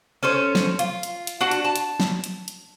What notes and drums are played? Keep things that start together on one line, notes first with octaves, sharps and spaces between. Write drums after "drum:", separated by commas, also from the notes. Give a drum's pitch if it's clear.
C#4 A4 C5 C#5
drum: snare
F4, drum: hi-hat
drum: hi-hat
drum: hi-hat
D4 F#4 A5
drum: hi-hat
A5
drum: hi-hat
drum: snare
drum: hi-hat
drum: hi-hat